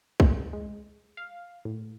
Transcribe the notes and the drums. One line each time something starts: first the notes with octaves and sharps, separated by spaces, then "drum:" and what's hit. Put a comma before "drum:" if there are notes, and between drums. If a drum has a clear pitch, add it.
A3, drum: kick B1
G#3
F5
A2